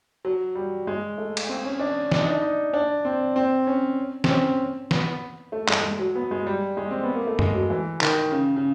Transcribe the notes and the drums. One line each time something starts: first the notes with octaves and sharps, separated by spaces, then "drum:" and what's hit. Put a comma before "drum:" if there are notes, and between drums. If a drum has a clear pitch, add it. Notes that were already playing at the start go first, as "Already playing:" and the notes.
F#3
G3
G#3
A3
drum: cymbal
C4
C#4
D4
D4, drum: snare
D#4
D4
D#4
D4
C4
C4
C#4
C4, drum: snare
C#4
B3, drum: snare
A3
G#3, drum: clap
G#3
F#3
B3
G#3
G3
G#3
C4
B3
A#3
A3
G#3, drum: tom
F#3
E3
D#3, drum: clap
C#3
C#3